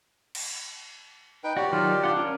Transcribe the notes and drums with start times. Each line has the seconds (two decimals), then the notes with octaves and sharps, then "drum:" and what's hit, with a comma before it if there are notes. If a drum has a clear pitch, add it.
0.35 drum: cymbal
1.44 D#4 B4 G5
1.57 F#4 G4 C#5 D5
1.72 D#3 F#3 D#4 F4
2.03 D4 F4 F#5
2.17 C#4 A#4